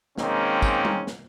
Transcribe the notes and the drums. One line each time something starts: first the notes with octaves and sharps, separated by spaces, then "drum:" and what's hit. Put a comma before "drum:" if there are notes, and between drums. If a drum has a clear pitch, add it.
D#3 G#3 A#3 C4 C#4, drum: snare
drum: kick, tambourine
drum: tom G3
drum: snare